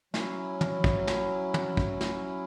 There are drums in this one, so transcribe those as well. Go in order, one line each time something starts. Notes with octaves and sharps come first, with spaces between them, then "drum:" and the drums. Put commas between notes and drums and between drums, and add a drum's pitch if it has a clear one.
F#3 C#4 E4, drum: snare
drum: tom
drum: kick
drum: snare
drum: tom
drum: kick
drum: snare